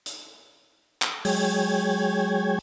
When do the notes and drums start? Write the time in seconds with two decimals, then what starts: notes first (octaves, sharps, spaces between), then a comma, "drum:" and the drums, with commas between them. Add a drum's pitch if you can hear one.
0.06 drum: hi-hat
1.02 drum: clap
1.25 F#3 G#3 G#4 C#5 G5 G#6, drum: open hi-hat